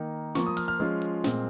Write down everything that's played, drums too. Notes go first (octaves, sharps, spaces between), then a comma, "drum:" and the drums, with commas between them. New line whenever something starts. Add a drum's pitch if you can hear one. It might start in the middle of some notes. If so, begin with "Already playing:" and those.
Already playing: D#3 A#3 D#4
F3 A#3 F4 C#6, drum: snare
D#6
F6, drum: open hi-hat
F6
F3 G#3 C#4 F4
drum: hi-hat
A#2 G#3 C4, drum: snare